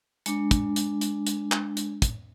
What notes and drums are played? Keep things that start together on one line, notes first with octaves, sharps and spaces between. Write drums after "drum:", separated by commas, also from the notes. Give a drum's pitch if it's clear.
G#3 D4, drum: hi-hat
drum: kick, hi-hat
drum: hi-hat
drum: hi-hat
drum: hi-hat
drum: clap
drum: hi-hat
drum: kick, hi-hat